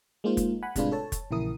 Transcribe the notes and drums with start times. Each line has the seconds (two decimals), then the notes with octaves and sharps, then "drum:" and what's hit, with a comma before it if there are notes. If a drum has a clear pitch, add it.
0.24 G#3 A#3 D#4 F4 C5
0.37 drum: kick F1, hi-hat
0.63 F#5 G#5 B5
0.76 A2 C3 G#3 D4 F4 B4, drum: kick F1, hi-hat
0.92 A4 C#5 A5
1.12 drum: kick F1, hi-hat
1.31 A#1 C#3 E3 E4 A#4 D#6